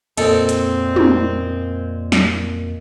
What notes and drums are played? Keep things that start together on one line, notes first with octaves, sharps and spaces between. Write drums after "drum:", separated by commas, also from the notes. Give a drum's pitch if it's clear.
F2 A#2 C4 A4 D#5, drum: cymbal
drum: hi-hat
drum: tom
drum: snare